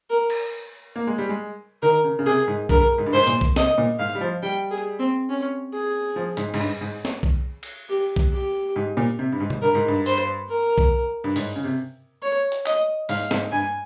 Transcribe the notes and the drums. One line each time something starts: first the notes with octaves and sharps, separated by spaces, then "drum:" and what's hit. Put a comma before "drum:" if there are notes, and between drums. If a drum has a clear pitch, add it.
A#4
drum: cymbal
A#3
G#3
G3
G#3
D#3 A#4
C#3
C#3
C3 G#4
G#2
G2 A#4, drum: kick B1
G#2
G2
G#2 C5
A#2, drum: hi-hat
drum: kick B1
C3 D#5, drum: snare
A#2
G#2 F5
G3
F3
G3 G5
G#4
C4
C#4
G#4
F3
G#2, drum: hi-hat
G#2, drum: cymbal
G2
G#2
drum: snare
drum: kick B1
drum: cymbal
G4
drum: kick B1
G4
G#2
A#2
C3
G2
G#2
drum: tom
G2 A#4
G#2
G2
C5, drum: hi-hat
A#4
drum: kick B1
G2
G#2, drum: open hi-hat
C#3
C3
C#5
drum: hi-hat
D#5, drum: clap
G#2 F5, drum: open hi-hat
G#2, drum: snare
G2 G#5